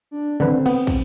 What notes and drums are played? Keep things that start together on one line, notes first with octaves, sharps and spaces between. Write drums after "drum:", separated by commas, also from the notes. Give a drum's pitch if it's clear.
D4
D3 C4 B4, drum: tom D3
B3, drum: cymbal
drum: kick, cymbal